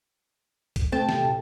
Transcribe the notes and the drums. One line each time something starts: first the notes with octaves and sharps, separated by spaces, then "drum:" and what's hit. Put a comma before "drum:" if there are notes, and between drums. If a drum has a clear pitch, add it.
drum: kick, hi-hat
C3 A3 G5 A5
drum: snare
drum: tom